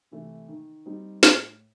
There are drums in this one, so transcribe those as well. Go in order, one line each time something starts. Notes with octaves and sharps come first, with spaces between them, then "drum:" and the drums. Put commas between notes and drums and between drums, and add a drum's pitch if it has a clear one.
C3 E3 A3
D#3
G3 C4 D#4
A2, drum: snare